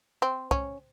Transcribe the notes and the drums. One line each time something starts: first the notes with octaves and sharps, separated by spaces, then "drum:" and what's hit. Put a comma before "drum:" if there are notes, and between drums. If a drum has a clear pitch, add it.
C4
C#4, drum: kick C2